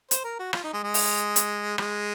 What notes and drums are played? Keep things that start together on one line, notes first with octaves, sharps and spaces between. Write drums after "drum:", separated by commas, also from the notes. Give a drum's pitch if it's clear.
C5, drum: hi-hat
A#4
F#4
F4, drum: rim click
D#4
G#3
G#3
drum: open hi-hat
drum: hi-hat
G#3, drum: rim click